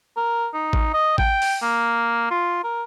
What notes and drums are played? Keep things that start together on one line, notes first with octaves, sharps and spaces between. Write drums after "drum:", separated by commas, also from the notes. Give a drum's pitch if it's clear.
A#4
D#4
drum: kick A1
D#5
G5, drum: kick A1
drum: open hi-hat
A#3
F4
A#4